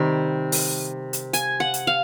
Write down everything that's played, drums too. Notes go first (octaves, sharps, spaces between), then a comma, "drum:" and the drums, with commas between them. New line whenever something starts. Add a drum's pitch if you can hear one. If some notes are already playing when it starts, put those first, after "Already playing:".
Already playing: C3 D#3 G3
drum: open hi-hat
drum: hi-hat
G#5, drum: hi-hat
F#5
drum: hi-hat
F5